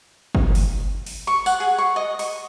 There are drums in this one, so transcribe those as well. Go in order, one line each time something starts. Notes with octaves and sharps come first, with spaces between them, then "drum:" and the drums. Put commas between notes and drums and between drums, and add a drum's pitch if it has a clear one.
drum: kick G1
drum: open hi-hat
drum: open hi-hat
C#6
F#5, drum: tambourine
G#4
C#6
D#5
C#6, drum: open hi-hat